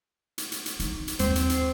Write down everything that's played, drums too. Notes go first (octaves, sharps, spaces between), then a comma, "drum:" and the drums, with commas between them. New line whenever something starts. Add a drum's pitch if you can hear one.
drum: hi-hat
drum: hi-hat
drum: hi-hat
D#4, drum: hi-hat
drum: hi-hat
D#2 C4, drum: hi-hat
drum: hi-hat
drum: hi-hat